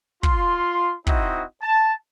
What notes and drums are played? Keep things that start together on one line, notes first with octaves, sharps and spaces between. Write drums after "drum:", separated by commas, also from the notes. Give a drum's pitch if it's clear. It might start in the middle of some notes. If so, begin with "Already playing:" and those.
F4 C6, drum: kick
C4 D#4 E4 F#4 C5 D#5, drum: kick
A5